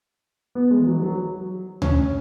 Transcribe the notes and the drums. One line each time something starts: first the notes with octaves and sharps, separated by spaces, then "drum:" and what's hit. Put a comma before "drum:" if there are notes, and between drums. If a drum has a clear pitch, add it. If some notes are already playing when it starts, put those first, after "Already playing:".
B3
G#3
E3
F#3
F#3
C#4, drum: tom D2